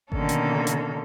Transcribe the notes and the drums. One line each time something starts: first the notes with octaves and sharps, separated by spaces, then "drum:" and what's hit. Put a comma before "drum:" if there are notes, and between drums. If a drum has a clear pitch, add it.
B2 D3 D#3 A#3 C#4 A4, drum: kick G#1
drum: hi-hat
drum: hi-hat